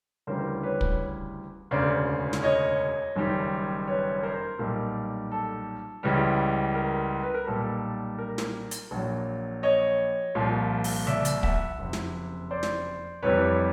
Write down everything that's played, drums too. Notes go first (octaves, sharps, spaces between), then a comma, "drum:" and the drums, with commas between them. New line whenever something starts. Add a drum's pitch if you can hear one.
D2 C#3 E3 G3 A#4 C5
B4 C#5
drum: kick
E1 D2 C#3 C5 D5
drum: snare
C#5 D#5
F#1 F#2 D#3 G3
B4 C#5
A#4 C5
B1 A#2 G3 A#4
A4
C#2 C#3 E3 G3
A#4
B4
A#4
B1 A#2 G3 A4
A#4
drum: snare
drum: hi-hat
A#1 A#2 F#3
C#5 D#5
C2 A#2 F3
drum: open hi-hat
D5 E5, drum: tom C#3
drum: hi-hat
E5 F#5, drum: kick
F#1 F2 C3
drum: snare
C5 D5
drum: snare
F1 F2 C3 E3 G3 B4 C#5